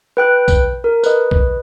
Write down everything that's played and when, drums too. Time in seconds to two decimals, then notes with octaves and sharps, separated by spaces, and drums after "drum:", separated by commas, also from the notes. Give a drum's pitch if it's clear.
0.17 B4 G5 F#6
0.48 drum: kick, tambourine
0.84 A#4
1.04 B4 D#5, drum: tambourine
1.31 drum: kick